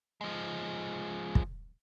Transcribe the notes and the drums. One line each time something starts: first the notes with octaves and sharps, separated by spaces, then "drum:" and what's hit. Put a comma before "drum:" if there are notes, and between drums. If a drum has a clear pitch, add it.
F3 G#3
drum: kick